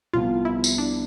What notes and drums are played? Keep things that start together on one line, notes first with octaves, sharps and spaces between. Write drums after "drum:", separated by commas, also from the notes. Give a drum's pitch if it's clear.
C2 C3 F3 B3 F4
E4
drum: tambourine
D4